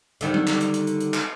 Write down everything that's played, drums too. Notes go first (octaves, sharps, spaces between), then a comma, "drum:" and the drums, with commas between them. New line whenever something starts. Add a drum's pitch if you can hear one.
D3 D#3 G3, drum: hi-hat
drum: tom F#3
drum: clap
drum: hi-hat
drum: hi-hat
drum: hi-hat
drum: hi-hat
drum: clap